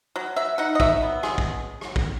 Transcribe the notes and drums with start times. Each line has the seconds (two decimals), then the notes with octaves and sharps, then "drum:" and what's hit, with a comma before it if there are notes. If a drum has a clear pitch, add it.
0.16 F#3
0.36 F#3 E5
0.58 D#4 F#5
0.75 D#5
0.80 F#3 E5, drum: kick
1.02 B3
1.23 B2 G#4, drum: rim click
1.38 drum: kick
1.81 drum: rim click
1.96 drum: kick